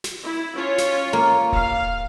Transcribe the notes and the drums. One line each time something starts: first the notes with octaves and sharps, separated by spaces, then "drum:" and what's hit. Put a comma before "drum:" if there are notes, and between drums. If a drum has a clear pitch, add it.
drum: snare
E4
C#4 F4 C#5
drum: snare
A#3
F5, drum: kick D#1